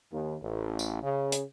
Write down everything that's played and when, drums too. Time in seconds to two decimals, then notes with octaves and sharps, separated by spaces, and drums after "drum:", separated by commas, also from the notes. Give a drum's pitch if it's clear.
0.11 D#2
0.41 A1
0.79 drum: tambourine
1.02 C#3
1.32 drum: hi-hat